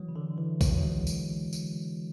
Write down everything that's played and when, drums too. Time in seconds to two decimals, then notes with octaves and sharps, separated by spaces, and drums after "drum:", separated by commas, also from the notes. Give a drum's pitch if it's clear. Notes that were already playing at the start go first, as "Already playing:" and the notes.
Already playing: E3 F#3
0.09 C#3
0.16 D3
0.38 E3
0.61 F#3, drum: kick B1, tambourine
0.78 F#3
0.83 G#3
1.07 drum: tambourine
1.53 drum: tambourine